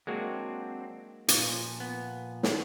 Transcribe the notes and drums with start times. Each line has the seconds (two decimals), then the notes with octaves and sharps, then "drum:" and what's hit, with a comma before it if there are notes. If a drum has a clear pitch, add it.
0.07 F#3 G#3 A#3 C4 D4 F#4
1.28 A#2 D#3 F3, drum: hi-hat
1.80 B3
2.43 drum: snare